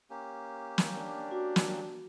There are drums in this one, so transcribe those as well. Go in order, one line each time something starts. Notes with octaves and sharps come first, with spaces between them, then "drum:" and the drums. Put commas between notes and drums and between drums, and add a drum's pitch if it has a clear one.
A#3 C#4 G4
drum: snare
D4
F#4
drum: snare